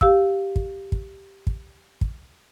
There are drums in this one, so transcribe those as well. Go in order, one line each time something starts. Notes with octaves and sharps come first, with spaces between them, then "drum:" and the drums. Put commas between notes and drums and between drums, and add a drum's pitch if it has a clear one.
G4 F5 E6, drum: kick
drum: kick
drum: kick
drum: kick
drum: kick